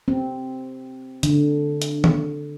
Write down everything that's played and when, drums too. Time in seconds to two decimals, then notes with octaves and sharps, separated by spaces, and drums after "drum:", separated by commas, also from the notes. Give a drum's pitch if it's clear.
0.08 C4
1.23 D3, drum: hi-hat
1.82 drum: hi-hat
2.04 drum: tom D#3